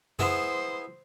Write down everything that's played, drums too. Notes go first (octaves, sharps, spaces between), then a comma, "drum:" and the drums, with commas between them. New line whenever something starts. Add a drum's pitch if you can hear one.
B3 E4 G#4 C5, drum: tom F2